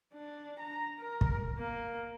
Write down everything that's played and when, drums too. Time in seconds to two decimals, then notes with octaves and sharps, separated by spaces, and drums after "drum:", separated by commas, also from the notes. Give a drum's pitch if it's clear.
0.13 D4
0.59 A#5
0.99 A#4
1.21 drum: kick
1.58 A#3